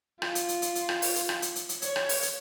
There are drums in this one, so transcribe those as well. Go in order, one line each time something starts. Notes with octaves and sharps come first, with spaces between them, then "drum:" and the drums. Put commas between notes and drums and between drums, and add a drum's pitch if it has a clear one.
F4, drum: rim click
drum: hi-hat
drum: hi-hat
drum: hi-hat
drum: hi-hat
drum: rim click
drum: open hi-hat
drum: hi-hat
drum: rim click
drum: hi-hat
drum: hi-hat
drum: hi-hat
C#5, drum: hi-hat
drum: rim click
drum: open hi-hat
drum: hi-hat